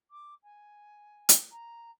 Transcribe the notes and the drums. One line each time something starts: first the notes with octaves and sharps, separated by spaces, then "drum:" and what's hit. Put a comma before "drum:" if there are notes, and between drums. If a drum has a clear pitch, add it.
D6
G#5
drum: hi-hat
A#5